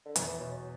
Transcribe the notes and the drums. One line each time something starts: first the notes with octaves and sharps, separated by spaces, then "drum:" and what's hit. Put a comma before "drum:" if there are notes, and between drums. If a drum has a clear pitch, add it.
D3
E2 E3, drum: hi-hat
E3
B2 F#3
F#3